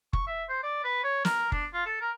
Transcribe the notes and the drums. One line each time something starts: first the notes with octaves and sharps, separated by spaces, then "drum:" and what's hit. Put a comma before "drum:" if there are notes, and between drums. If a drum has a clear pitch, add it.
C#6, drum: kick F#1
E5
C5
D5
B4
C#5
A#4, drum: snare
D4, drum: kick F#1
F4
A4
A#4